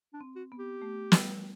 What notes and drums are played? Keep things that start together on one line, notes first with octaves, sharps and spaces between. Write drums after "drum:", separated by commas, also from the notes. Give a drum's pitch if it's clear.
D4
C4
F#4
B3
G4
A3
G3, drum: snare